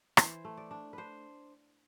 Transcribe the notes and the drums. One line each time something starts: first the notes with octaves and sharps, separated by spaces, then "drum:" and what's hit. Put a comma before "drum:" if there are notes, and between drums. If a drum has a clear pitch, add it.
E3 C5, drum: rim click
A3
D5
D4
D4 B4 C5